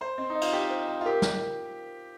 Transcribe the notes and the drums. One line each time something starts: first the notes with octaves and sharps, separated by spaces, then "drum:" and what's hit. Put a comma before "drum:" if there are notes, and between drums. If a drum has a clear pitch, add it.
C5 A#5
C4 D#5
D#4
D#5
F4, drum: cymbal
G4 G5
C5
A#5
F4
G4 A#4
drum: snare